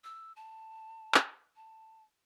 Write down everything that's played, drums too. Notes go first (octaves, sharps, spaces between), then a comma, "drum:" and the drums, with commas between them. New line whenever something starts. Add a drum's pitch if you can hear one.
E6
A5
drum: clap
A5